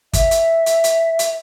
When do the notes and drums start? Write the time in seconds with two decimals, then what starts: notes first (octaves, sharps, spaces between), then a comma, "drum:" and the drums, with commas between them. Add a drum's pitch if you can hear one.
0.13 E5, drum: kick, hi-hat
0.31 drum: hi-hat
0.66 drum: hi-hat
0.84 drum: hi-hat
1.19 drum: hi-hat